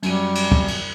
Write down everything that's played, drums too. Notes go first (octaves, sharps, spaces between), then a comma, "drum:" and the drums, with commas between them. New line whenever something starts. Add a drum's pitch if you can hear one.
F#2 F#3 G3 D#7, drum: cymbal
drum: cymbal
drum: kick
drum: cymbal